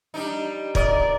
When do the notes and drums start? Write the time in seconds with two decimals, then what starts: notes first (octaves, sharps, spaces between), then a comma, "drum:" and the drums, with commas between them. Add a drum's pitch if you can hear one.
0.14 G3 D4 D#4
0.75 A#4 D5 D#5, drum: kick